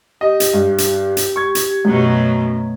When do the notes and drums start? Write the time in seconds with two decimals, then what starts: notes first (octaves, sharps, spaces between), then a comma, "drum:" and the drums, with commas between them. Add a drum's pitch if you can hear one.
0.21 G4 D#5
0.40 drum: hi-hat
0.53 G2
0.78 drum: hi-hat
1.17 drum: hi-hat
1.36 C#6 G#6
1.55 drum: hi-hat
1.85 F#2 B2 F#3 A3